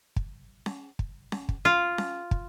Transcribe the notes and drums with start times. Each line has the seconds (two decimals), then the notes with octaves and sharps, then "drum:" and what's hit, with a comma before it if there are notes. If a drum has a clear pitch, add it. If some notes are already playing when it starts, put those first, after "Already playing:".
0.16 drum: kick
0.66 drum: snare C#4
0.99 drum: kick
1.32 drum: snare C#4
1.49 drum: kick
1.65 F4
1.98 drum: snare C#4
2.31 drum: kick